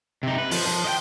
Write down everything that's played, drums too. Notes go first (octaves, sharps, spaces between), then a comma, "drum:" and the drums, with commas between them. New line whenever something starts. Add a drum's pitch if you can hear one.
C3 D#4
B4
F3, drum: open hi-hat
F3
D#5 G5